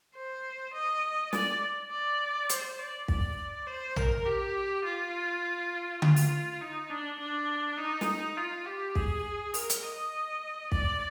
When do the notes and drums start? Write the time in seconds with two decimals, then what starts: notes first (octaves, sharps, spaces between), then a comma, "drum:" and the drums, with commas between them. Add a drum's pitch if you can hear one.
0.15 C5
0.74 D#5
1.33 D5, drum: snare
1.91 D5
2.50 C5, drum: hi-hat
2.79 D5
3.08 D5, drum: kick
3.67 C5
3.96 A#4, drum: tom A#1
4.26 G4
4.84 F4
6.02 F4, drum: tom D3
6.16 drum: open hi-hat
6.61 D#4
6.90 D4
7.19 D4
7.78 D#4
8.01 drum: snare
8.37 F4
8.66 G4
8.95 G#4, drum: kick
9.54 A#4, drum: open hi-hat
9.70 drum: hi-hat
9.83 D#5
10.72 D5, drum: kick